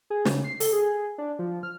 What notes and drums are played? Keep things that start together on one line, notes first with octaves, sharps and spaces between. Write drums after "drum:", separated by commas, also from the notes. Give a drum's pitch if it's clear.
G#4
C#3, drum: snare
C7
A4, drum: open hi-hat
G#4
D4
F3
F6